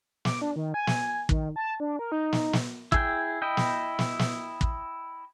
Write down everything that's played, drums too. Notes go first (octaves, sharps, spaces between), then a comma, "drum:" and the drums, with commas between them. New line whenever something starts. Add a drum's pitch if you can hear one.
D6, drum: snare
D4
D#3
G#5
drum: snare
D#3, drum: kick
A5
D4
A#4
D#4
drum: snare
drum: snare
E4 G#4 G5, drum: kick
E4 D#5 G5
drum: snare
drum: snare
drum: snare
drum: kick